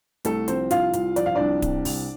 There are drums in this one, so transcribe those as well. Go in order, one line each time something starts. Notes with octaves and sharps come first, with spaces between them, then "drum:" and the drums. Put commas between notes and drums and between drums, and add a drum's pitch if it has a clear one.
C2 A3 A4, drum: hi-hat
F3 C4 C5, drum: hi-hat
C2 F4 F5, drum: hi-hat
C2, drum: hi-hat
F3 D5, drum: hi-hat
F5
C2 D4 D5
C3, drum: kick D1, hi-hat
C2, drum: open hi-hat